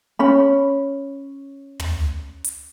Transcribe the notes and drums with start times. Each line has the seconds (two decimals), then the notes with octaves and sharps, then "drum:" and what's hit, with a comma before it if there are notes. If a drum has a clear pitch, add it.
0.19 C#4 B5
1.79 drum: tom
2.44 drum: hi-hat